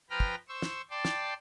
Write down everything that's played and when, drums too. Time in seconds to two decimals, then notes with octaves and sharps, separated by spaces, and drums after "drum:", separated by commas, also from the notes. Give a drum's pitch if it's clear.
0.10 F3 B4 G5 A#5 B5 F6
0.20 drum: kick
0.48 C5 C#6 E6
0.62 drum: snare
0.90 D5 G5 A5 C6
1.05 drum: snare